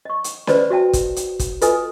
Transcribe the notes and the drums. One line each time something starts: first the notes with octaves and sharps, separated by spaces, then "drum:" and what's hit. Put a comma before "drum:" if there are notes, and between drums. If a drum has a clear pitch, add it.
D#5 C#6
drum: hi-hat
B4 C5 D5 D#5 B5, drum: snare C#4
F#4 E5 G5 A5
drum: kick, hi-hat
drum: hi-hat
drum: kick, hi-hat
F4 A4 B4 D#5 G#5 D#6, drum: hi-hat